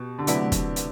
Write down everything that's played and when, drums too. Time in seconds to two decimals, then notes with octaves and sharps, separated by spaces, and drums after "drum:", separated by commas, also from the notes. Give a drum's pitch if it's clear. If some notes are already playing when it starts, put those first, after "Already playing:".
Already playing: B2 G4
0.19 D3
0.27 C3 F#3 A3 E4 B4 D5, drum: hi-hat
0.52 drum: kick, hi-hat
0.76 drum: hi-hat